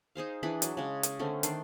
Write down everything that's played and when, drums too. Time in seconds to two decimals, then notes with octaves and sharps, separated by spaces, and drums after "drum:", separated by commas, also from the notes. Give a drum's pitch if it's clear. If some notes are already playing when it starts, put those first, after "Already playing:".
0.15 D#4 G#4 C5 F5
0.43 E3 D4 G#4 B5
0.62 F#3, drum: hi-hat
0.77 C#3 G#3
1.03 drum: hi-hat
1.19 D3 A3 C4 C#4
1.43 D#3 D4 C6, drum: hi-hat